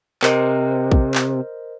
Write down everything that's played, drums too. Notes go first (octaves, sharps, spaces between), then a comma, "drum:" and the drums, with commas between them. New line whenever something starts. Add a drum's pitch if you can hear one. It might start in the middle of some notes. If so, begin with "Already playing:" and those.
C3 A#4 C5 D#5, drum: clap
drum: kick
drum: clap